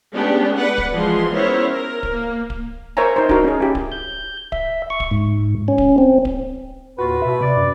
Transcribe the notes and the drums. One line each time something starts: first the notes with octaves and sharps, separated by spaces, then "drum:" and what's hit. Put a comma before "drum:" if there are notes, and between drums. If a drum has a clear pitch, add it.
G#3 A3 B3 C#4 D4 G4
B4 D5 F#5
drum: kick D1
E3 F3 G#3 G#4 C6
B3 C#4 E4 A#4 C5 C#5
A#4
drum: kick D1
A#3
drum: kick D1
A#4 C5 C#5 E5 G#5 A#5
D#4 A#4 C5
D4 D#4 F#4 A#4, drum: kick D1
C#4 G#4
E4 G4
drum: kick D1
G6
E5, drum: kick D1
C#6
drum: kick D1
G#2
C#4
drum: kick D1
C4
drum: kick D1
D#2 A2 F4 F#4 B4
B2 E5
C3 D5
F#2